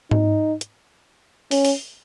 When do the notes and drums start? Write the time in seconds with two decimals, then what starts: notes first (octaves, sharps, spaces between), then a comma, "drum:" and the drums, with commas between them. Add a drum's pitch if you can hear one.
0.11 D#4, drum: tom G#2
0.61 drum: hi-hat
1.51 C#4, drum: open hi-hat
1.65 drum: open hi-hat